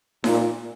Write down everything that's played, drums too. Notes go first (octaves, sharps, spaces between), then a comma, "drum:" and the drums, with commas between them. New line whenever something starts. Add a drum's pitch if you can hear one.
A#2, drum: snare D#4